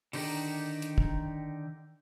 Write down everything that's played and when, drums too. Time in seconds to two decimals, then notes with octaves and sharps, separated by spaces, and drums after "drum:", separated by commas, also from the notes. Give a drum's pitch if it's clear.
0.13 D3 D#3 D#4 G4, drum: open hi-hat
0.82 drum: hi-hat
0.98 drum: kick